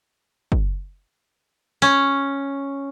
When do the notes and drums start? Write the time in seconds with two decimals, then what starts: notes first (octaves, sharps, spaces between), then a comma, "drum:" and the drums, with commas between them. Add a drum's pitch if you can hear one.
0.52 drum: kick
1.82 C#4, drum: hi-hat